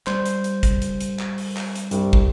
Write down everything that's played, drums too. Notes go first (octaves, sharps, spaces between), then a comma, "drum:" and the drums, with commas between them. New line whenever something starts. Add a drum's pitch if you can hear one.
G3 C5 G6, drum: clap
drum: hi-hat
drum: hi-hat
drum: kick, hi-hat
drum: hi-hat
drum: hi-hat
drum: clap
drum: open hi-hat
drum: clap
drum: hi-hat
C2 G2, drum: hi-hat
drum: kick